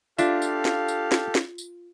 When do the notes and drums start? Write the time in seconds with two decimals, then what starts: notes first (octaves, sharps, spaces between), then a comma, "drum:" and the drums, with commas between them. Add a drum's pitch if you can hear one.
0.18 D4 F4 G4 A4 E5 F5, drum: tambourine
0.42 drum: tambourine
0.65 drum: snare
0.88 drum: tambourine
1.12 drum: snare
1.35 drum: snare
1.58 drum: tambourine